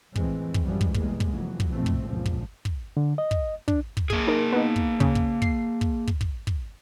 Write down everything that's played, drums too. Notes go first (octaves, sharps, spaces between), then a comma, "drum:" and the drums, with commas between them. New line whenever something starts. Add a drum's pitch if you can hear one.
F2 A2 E3 G#3 A3 C4, drum: kick
drum: kick
F#2 A2 E3 F3 G3 G#3
drum: kick
E2 B2 G3 G#3 A#3, drum: kick
drum: kick
F1 F2 E3 F#3
drum: kick
A#1 F2 G#2 B2 A3 C4
drum: kick
G1 C#2 F#2 A#2 F3
drum: kick
drum: kick
D3
D#5
drum: kick
D4, drum: kick
drum: kick
A#3 G#4, drum: kick
D#4 A#4
B3 D#4
drum: kick
C#3, drum: kick
drum: kick
C7, drum: kick
drum: kick
drum: kick
drum: kick
drum: kick